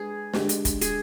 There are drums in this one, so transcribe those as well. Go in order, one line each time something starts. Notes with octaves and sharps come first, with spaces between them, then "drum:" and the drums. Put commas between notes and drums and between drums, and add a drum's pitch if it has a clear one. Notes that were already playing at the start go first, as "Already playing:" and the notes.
Already playing: G#3 D4 G#4 B4
D3 G#3 D4 G4, drum: snare
drum: hi-hat
drum: kick, hi-hat
G#4, drum: hi-hat